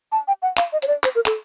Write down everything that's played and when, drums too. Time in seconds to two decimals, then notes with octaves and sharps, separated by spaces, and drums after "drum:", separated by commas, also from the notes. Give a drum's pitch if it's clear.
0.12 A5
0.27 G5
0.42 F#5
0.57 F5, drum: clap
0.73 D#5
0.82 C#5, drum: hi-hat
0.87 D5
1.04 C5, drum: clap
1.15 A#4
1.26 A4, drum: clap